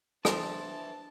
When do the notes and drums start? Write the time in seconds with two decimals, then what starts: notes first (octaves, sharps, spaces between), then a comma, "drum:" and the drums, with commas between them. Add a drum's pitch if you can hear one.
0.25 D4 B4 C5 E5 A5, drum: rim click